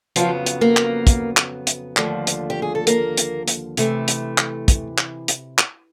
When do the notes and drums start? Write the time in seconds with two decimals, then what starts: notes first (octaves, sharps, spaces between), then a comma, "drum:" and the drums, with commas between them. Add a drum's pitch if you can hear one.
0.16 F2 C#3 F3 F#3 B3 F4, drum: hi-hat
0.46 drum: hi-hat
0.61 A#3 A#4
0.77 drum: clap
1.07 drum: kick, hi-hat
1.37 drum: clap
1.67 drum: hi-hat
1.97 D#2 D3 F3 A3, drum: clap
2.27 drum: hi-hat
2.50 G4
2.62 G#4
2.75 A4
2.87 A#3 A#4, drum: hi-hat
3.17 drum: hi-hat
3.48 drum: hi-hat
3.77 C3 E3 A3, drum: hi-hat
4.08 drum: hi-hat
4.38 drum: clap
4.68 drum: kick, hi-hat
4.98 drum: clap
5.28 drum: hi-hat
5.58 drum: clap